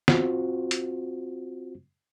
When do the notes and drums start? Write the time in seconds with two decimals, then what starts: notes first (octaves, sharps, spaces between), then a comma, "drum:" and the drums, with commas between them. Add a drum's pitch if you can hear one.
0.08 C4 F4 F#4 C5, drum: snare
0.71 drum: hi-hat